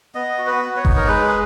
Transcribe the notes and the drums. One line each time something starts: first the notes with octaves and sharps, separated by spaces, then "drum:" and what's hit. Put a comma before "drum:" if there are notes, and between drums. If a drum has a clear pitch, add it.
B3 D#5
F#4
B4
B3
C#5
D#4, drum: kick F#1
A#4
G#3 B4
G#4